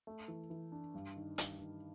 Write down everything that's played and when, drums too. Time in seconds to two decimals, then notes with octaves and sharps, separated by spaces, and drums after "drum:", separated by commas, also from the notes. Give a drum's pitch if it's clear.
0.07 A3
0.28 E3
0.50 E3
0.72 D4
0.94 G2
1.16 D#3
1.38 G2, drum: hi-hat
1.60 D#3